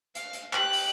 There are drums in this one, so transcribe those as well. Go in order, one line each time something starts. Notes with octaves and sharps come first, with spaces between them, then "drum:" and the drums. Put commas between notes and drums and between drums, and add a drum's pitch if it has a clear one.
F5, drum: hi-hat
drum: hi-hat
G4 F#6, drum: clap
drum: open hi-hat